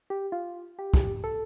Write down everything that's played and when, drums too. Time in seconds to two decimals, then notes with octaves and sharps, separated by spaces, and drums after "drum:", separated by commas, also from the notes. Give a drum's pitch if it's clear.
0.10 G4
0.32 F4
0.79 G4
0.94 drum: kick, hi-hat
1.24 A4